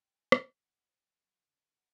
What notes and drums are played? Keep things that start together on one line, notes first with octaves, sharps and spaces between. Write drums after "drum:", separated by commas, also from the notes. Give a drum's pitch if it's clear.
G5
G#5
F3, drum: rim click
F#2
F#5
C5
F2
F#3
C#3
C#3
F#5